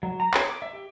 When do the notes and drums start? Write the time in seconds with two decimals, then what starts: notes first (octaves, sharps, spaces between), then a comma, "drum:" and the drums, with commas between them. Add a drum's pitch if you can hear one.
0.03 F#3
0.20 A#5
0.34 C#5, drum: clap
0.50 D6
0.62 E5
0.73 G4